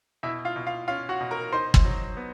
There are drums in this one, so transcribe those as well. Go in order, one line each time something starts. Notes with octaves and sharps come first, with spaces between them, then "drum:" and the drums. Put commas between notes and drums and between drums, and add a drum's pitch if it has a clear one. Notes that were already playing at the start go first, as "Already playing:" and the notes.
B2 E4 E5
F4 F5
B2
F4 F5
C#4 F4 F5
F#4 F#5
B2
A#4 A#5
D#4 C5 C6
drum: kick
F#3
B3